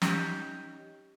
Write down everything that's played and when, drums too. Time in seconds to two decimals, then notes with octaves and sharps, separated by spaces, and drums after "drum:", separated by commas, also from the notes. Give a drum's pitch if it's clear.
0.02 C#4 D#4 G4, drum: snare